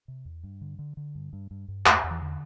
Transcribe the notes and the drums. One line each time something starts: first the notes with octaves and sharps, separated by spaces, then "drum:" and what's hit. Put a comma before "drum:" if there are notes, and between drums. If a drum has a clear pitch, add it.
C3
E2
G2
D3
D3
D3
G2
G2
G2
G2
E2 A3, drum: clap
E2
E3
D3